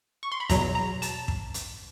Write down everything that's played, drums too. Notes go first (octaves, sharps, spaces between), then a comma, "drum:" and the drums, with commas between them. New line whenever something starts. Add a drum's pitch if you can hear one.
C#6
C6
B5
E2 B2 F#3 A#5, drum: kick, hi-hat
A#5
A5, drum: hi-hat
drum: kick
drum: hi-hat